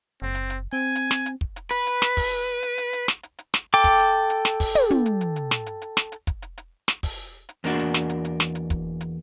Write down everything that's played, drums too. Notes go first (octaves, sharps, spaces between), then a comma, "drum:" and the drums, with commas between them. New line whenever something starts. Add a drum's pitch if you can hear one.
F#1 C4
drum: hi-hat
drum: hi-hat
C4 G#5
drum: hi-hat
drum: snare
drum: hi-hat
drum: kick
drum: hi-hat
B4, drum: hi-hat
drum: hi-hat
drum: snare
drum: kick, open hi-hat
drum: hi-hat
drum: hi-hat
drum: hi-hat
drum: snare
drum: hi-hat
drum: hi-hat
drum: snare
A4 G5 D6
drum: kick, hi-hat
drum: hi-hat
drum: hi-hat
drum: snare
drum: kick, open hi-hat
drum: tom
drum: tom
drum: hi-hat
drum: hi-hat
drum: hi-hat
drum: snare
drum: hi-hat
drum: hi-hat
drum: snare
drum: hi-hat
drum: kick, hi-hat
drum: hi-hat
drum: hi-hat
drum: snare
drum: kick, open hi-hat
drum: hi-hat
E2 A#3 D4 F#4, drum: hi-hat
drum: hi-hat
drum: snare
drum: hi-hat
drum: hi-hat
drum: snare
drum: hi-hat
drum: kick, hi-hat
drum: hi-hat